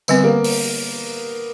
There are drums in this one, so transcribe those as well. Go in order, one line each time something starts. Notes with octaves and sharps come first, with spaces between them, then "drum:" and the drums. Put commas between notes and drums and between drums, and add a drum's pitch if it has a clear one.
D3 G3 B3 C4, drum: tambourine
A#3
drum: open hi-hat